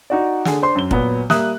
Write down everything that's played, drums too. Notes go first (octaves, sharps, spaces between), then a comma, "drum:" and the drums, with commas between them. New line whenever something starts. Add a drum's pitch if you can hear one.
D#4 F#4 D5
D3 G#4, drum: snare
D4 C5 C6
F#2 G7
A#2 F#3 B3, drum: kick
G3 A#3 E5 D#6 F#6, drum: snare